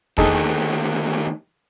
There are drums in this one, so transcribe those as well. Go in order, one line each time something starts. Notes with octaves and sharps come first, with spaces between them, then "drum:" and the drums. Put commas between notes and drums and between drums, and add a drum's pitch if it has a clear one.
D2 D#3 D#4 G#4 A4, drum: kick E2